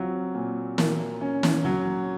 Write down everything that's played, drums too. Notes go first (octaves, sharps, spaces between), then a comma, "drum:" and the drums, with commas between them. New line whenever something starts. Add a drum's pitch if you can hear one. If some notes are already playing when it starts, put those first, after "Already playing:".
Already playing: F#3 C4 F4
A#2
A#3, drum: snare
C#4
drum: snare
F#3